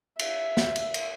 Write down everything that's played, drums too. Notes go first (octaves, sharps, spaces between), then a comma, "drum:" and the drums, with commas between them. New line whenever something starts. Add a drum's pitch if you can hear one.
E5, drum: cymbal
drum: snare
drum: cymbal
drum: cymbal